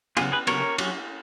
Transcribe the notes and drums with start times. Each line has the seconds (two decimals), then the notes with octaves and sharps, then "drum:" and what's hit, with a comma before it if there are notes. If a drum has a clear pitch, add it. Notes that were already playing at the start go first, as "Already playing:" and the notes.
0.17 C#3 F#3 B3 F4 G#4, drum: cymbal
0.32 G#4 B4
0.47 C#3 F#3 B3 A#4 C#5, drum: cymbal
0.78 F#3 C#4, drum: cymbal